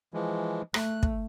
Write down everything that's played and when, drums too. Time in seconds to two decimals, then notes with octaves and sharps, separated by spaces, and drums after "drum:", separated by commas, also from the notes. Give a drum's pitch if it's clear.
0.14 E3 F3 G#3
0.74 A3 F#6, drum: rim click
1.03 drum: kick